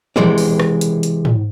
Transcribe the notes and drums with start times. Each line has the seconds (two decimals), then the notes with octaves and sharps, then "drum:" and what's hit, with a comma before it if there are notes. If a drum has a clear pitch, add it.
0.16 C3 E3 G#3 D5, drum: tom E3
0.38 drum: open hi-hat
0.60 drum: rim click
0.81 drum: hi-hat
1.03 drum: hi-hat
1.25 drum: tom G#2